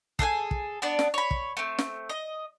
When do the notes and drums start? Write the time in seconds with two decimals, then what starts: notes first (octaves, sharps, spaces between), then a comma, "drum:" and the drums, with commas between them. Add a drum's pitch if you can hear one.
0.19 G#4 A4 F#5 G#5, drum: kick
0.51 drum: kick
0.82 B3 D4 D5
0.99 drum: snare
1.14 C#5 B5
1.31 drum: kick
1.57 A3 C4
1.79 drum: snare
2.10 D#5